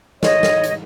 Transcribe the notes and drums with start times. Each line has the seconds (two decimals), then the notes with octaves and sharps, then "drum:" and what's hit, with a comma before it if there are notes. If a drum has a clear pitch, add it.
0.23 C#5 D#5, drum: snare
0.43 drum: snare
0.63 drum: hi-hat